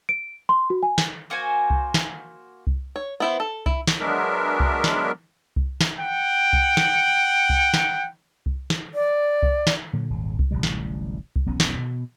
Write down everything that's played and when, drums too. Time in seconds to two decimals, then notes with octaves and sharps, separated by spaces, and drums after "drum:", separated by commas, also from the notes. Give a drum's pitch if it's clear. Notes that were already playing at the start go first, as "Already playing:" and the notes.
0.09 D7
0.49 C6
0.70 F#4
0.83 G#5
0.98 drum: snare
1.30 A#3 F#4 C5 G#5
1.70 drum: kick C2
1.94 drum: snare
2.67 drum: kick C2
2.96 C#5
3.20 B3 E4 C5
3.40 A4
3.66 E4, drum: kick C2
3.87 drum: snare
4.00 F#3 G#3 B3 D4 A#4 E5
4.60 drum: kick C2
4.84 drum: snare
5.56 drum: kick C2
5.81 drum: snare
5.99 F#5 G5
6.53 drum: kick C2
6.77 drum: snare
7.50 drum: kick C2
7.74 drum: snare
8.46 drum: kick C2
8.70 drum: snare
8.94 D5
9.43 drum: kick C2
9.67 drum: snare
9.93 A#2 D3 F#3
10.10 D#1 G#1 G#2
10.39 drum: kick C2
10.51 D1 A1 C3 G3
10.63 drum: snare
11.36 drum: kick C2
11.46 E1 B1 B3 C#4
11.60 drum: snare
11.79 B2